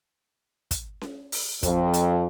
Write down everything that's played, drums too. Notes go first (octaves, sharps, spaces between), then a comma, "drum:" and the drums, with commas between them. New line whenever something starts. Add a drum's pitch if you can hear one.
drum: kick, hi-hat
drum: snare C#4
drum: open hi-hat
F2, drum: kick, hi-hat
drum: hi-hat